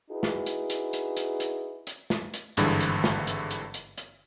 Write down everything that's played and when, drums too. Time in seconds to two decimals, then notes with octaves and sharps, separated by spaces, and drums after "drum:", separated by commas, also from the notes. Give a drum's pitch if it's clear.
0.11 D#4 E4 F#4 G#4 B4
0.23 drum: snare
0.46 drum: hi-hat
0.70 drum: hi-hat
0.93 drum: hi-hat
1.17 drum: hi-hat
1.40 drum: hi-hat
1.87 drum: hi-hat
2.10 drum: snare
2.34 drum: hi-hat
2.57 G#1 G2 D3 E3 G#3, drum: hi-hat
2.80 drum: hi-hat
3.04 drum: snare
3.27 drum: hi-hat
3.51 drum: hi-hat
3.74 drum: hi-hat
3.98 drum: hi-hat